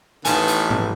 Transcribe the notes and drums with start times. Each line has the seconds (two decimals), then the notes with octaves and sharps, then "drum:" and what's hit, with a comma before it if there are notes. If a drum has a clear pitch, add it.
0.25 A1 D#3 B3 G#5 A5, drum: hi-hat
0.48 drum: hi-hat
0.71 drum: tom